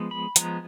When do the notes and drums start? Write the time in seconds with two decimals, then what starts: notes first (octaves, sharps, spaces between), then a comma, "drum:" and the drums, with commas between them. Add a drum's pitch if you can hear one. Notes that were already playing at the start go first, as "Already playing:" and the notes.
Already playing: F3 G#3 B3
0.11 B5
0.36 F3 G#3 B3 A#5, drum: hi-hat